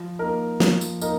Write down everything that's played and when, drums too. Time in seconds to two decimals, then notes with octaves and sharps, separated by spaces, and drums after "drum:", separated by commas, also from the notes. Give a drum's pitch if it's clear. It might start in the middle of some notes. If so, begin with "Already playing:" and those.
Already playing: F3
0.19 A#3 D#4 A#4
0.60 F3, drum: snare
0.81 drum: tambourine
1.01 A#3 D#4 A#4, drum: tambourine